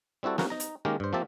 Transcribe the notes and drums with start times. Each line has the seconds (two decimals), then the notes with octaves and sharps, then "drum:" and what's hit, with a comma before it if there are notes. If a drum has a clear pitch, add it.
0.23 G3 C4 E4 F#4 A4
0.38 B3 C#4 F4 F#4 A#4 C5, drum: snare
0.50 D#4 A#5
0.60 drum: hi-hat
0.85 D#3 G#3 A#3 C#4 G4 A#4
1.00 G2 C5
1.13 F3 A#3 C4 G4 E5 A5